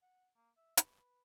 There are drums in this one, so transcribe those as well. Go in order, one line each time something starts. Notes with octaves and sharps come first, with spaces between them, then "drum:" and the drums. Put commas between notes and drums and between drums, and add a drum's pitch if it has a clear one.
F#5
A#3
E5
B4, drum: hi-hat
B4